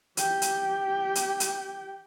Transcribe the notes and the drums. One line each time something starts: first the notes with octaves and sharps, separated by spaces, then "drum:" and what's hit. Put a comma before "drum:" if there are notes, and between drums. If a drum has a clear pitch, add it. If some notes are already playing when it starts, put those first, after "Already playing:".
G4 G5, drum: hi-hat
drum: hi-hat
drum: hi-hat
drum: hi-hat